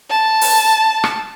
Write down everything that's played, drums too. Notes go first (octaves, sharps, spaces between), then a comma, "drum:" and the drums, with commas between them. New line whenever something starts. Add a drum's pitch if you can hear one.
A5
drum: open hi-hat
drum: rim click